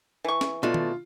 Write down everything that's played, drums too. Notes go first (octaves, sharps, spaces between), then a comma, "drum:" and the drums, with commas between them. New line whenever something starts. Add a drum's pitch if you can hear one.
E3 C#6
drum: snare
B2 A3 D4 F4
drum: tom